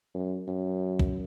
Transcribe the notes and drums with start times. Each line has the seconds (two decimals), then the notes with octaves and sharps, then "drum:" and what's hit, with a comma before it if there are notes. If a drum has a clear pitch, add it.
0.14 F#2
0.47 F#2
1.00 drum: kick